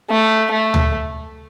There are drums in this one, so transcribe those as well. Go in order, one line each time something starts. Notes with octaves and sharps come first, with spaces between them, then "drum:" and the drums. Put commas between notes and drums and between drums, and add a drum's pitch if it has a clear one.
A3
A3
drum: tom D2